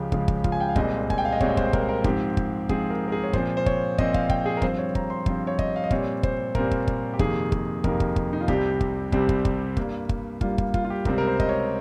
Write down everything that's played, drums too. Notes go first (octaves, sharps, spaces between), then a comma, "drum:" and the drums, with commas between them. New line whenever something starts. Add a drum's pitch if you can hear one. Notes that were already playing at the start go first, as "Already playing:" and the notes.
Already playing: C#2 C#3 F3 G#3 G4
C#2 C#3 F3 G#3 F4, drum: kick
drum: kick
F4, drum: kick
G#5
G5
F5
C2 A#2 G#3 C4 D#5, drum: kick
G#5, drum: kick
G5
F5
D#5
C2 A#2 G#3 C4 C#5, drum: kick
C5, drum: kick
A#4, drum: kick
A#4
G#2 F3 C4 G4, drum: kick
drum: kick
G#2 F3 C4 G#4, drum: kick
A#4
A#4
G#4
C#5
A#2 F3 C4 C5, drum: kick
C5
C#5, drum: kick
A#2 F3 C4 D#5, drum: kick
F5, drum: kick
G5, drum: kick
G#4
A#4
G2 F3 C4 C5, drum: kick
C#5
A#5, drum: kick
C6
G2 F3 C4 C6, drum: kick
C#5
D#5, drum: kick
F5
D#5
A#2 G3 C4 C#5, drum: kick
C5, drum: kick
A#2 G3 C4 A#4, drum: kick
drum: kick
drum: kick
G4
F2 C3 D#3 A#3 G#4, drum: kick
G#4, drum: kick
F2 C3 D#3 A#3 A#4, drum: kick
drum: kick
drum: kick
D#4
F4
C2 C3 G3 C4 G4, drum: kick
drum: kick
C2 C3 G3 C4, drum: kick
drum: kick
drum: kick
G2 G3 A#3, drum: kick
drum: kick
G2 G3 A#3 F4, drum: kick
F4, drum: kick
F4, drum: kick
F4
G4
C#2 C3 G3 C4 A#4, drum: kick
A#4
C5
D#5, drum: kick
C#5